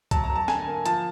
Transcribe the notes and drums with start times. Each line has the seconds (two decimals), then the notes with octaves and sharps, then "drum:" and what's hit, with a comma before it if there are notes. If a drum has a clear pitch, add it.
0.11 F#3 A5, drum: kick C2, hi-hat
0.24 A#5
0.30 F#3
0.36 A5
0.48 D3 G#5, drum: snare
0.67 A#3
0.86 F3 A5, drum: hi-hat